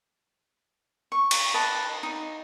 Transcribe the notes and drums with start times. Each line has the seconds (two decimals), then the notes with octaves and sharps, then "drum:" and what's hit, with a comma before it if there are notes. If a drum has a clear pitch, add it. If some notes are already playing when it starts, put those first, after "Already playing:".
1.12 C#6
1.31 drum: cymbal
1.54 B4 D#5 A5
2.03 D#4